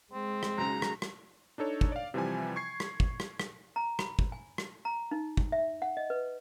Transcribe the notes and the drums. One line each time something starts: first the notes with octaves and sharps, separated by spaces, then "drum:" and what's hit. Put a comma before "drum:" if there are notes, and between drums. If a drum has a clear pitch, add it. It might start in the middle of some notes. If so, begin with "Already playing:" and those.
G#3 C4
drum: rim click
B1 C#3 A#5
drum: rim click
drum: rim click
D4 D#4 A4 C#5
drum: kick
D5 F5
C3 E3 F3 G3 G#5
C#6 G#6 C7
drum: rim click
drum: kick
drum: rim click
drum: rim click
A#5
B5, drum: rim click
drum: kick
G#5
drum: rim click
A#5
D#4
drum: kick
E5
F#5
D#5
B4